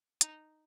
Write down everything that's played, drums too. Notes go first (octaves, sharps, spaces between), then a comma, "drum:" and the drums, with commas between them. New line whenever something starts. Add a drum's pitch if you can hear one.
D#4, drum: hi-hat